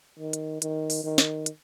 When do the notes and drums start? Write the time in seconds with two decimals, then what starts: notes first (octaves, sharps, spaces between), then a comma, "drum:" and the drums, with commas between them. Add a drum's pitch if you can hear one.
0.19 D#3
0.33 drum: hi-hat
0.62 D#3, drum: hi-hat
0.90 drum: open hi-hat
1.04 D#3
1.18 drum: snare
1.46 drum: hi-hat